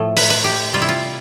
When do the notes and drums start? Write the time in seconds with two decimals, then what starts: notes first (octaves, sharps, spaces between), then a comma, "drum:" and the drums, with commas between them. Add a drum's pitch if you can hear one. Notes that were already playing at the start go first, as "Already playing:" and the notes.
Already playing: A2 F3 A3
0.17 B4, drum: open hi-hat
0.30 B4
0.44 G4
0.73 C3 G3 F4
0.82 E4
0.89 F4